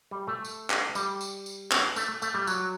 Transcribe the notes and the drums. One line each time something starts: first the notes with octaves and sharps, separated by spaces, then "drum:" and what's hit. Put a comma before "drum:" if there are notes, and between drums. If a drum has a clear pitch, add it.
G3
A3
drum: tambourine
drum: clap
G3, drum: tambourine
drum: tambourine
drum: tambourine
drum: clap
A3, drum: tambourine
A3, drum: tambourine
G3
F#3, drum: tambourine